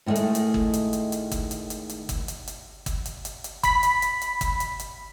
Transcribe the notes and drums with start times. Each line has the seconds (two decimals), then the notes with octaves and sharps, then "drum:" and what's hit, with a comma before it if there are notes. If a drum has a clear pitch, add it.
0.06 A2 D3 D#3 G#3 A3
0.15 drum: hi-hat
0.35 drum: hi-hat
0.54 drum: kick
0.73 drum: hi-hat
0.93 drum: hi-hat
1.12 drum: hi-hat
1.31 drum: kick, hi-hat
1.51 drum: hi-hat
1.70 drum: hi-hat
1.89 drum: hi-hat
2.09 drum: kick, hi-hat
2.28 drum: hi-hat
2.47 drum: hi-hat
2.86 drum: kick, hi-hat
3.05 drum: hi-hat
3.25 drum: hi-hat
3.44 drum: hi-hat
3.63 B5 B6, drum: kick, hi-hat
3.83 drum: hi-hat
4.02 drum: hi-hat
4.21 drum: hi-hat
4.41 drum: kick, hi-hat
4.60 drum: hi-hat
4.79 drum: hi-hat